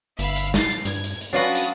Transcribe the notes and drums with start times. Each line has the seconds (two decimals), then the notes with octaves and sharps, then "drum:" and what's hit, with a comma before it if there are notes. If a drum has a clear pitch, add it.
0.19 G1 E5 F5 B5, drum: hi-hat
0.36 drum: hi-hat
0.54 A6 C7, drum: snare
0.70 drum: hi-hat
0.85 G2 G#6, drum: hi-hat
1.04 drum: hi-hat
1.21 drum: hi-hat
1.33 F#3 C#4 D4 F4 F#4 B4 D#6
1.55 drum: hi-hat